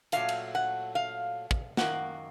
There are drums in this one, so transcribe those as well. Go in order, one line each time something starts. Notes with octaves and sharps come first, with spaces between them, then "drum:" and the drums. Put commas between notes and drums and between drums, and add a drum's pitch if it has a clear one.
A#2 F#3 A3 F5, drum: hi-hat
drum: cymbal
F#5
F5
drum: kick
F#2 D#3 A#3 F#5, drum: snare